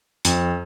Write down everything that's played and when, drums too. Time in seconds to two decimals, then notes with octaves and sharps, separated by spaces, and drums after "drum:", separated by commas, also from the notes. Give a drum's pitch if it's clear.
0.25 F2, drum: hi-hat